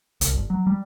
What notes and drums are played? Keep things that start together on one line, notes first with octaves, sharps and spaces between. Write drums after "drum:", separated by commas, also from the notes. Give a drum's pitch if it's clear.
C2, drum: hi-hat
G1
F#3
G3